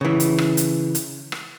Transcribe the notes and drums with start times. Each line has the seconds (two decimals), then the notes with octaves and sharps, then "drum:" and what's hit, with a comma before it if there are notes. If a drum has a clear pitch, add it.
0.01 C#3 E3
0.20 drum: hi-hat
0.38 drum: rim click
0.57 drum: hi-hat
0.95 drum: hi-hat
1.32 drum: rim click